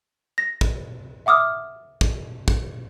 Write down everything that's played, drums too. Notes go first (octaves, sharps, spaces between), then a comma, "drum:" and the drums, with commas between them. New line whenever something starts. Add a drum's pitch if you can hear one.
A#6
drum: kick
E5 F#5 D6 D#6 F6
drum: kick
drum: kick